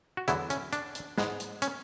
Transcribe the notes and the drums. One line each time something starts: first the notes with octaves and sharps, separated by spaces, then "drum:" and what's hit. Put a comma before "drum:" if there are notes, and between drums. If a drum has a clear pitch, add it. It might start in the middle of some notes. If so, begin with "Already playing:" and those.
F#4
E2 D3 F#3 B3 E4, drum: hi-hat
C#4, drum: hi-hat
D4, drum: hi-hat
drum: hi-hat
G#2 G#3 B3, drum: snare
drum: hi-hat
C#4, drum: hi-hat